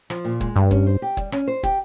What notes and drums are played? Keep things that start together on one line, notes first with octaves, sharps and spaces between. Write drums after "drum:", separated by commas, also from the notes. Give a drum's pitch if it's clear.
F3, drum: rim click
A#2
G#3, drum: kick
G2 G3
C#4, drum: kick
C5
G4
G3, drum: kick
C#4, drum: rim click
C5
G4, drum: kick